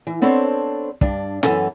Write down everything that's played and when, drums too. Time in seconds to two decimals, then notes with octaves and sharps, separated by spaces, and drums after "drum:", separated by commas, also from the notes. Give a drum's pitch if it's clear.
0.07 E3
0.22 B3 C4 D4 A4 C5 C#5
1.01 G2 D4, drum: kick
1.43 F#2 E3 B3 F4 A4 G#5, drum: snare